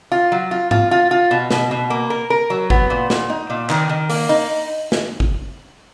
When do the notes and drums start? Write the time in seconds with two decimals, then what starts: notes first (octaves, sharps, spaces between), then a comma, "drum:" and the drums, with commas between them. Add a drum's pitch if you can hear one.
0.12 F4
0.32 F#3
0.51 F4
0.71 F4, drum: tom G#2
0.91 F4
1.11 F4
1.31 B2
1.51 B2, drum: snare
1.71 B2
1.90 A#3
2.10 A#4
2.30 A#4
2.50 F#3
2.70 B3, drum: kick G1
2.90 A#2
3.10 A#2, drum: snare
3.30 D#4
3.50 A#2
3.70 D#3, drum: clap
3.89 D#3
4.10 A#3, drum: open hi-hat
4.29 D#4
4.92 drum: snare
5.20 drum: kick G1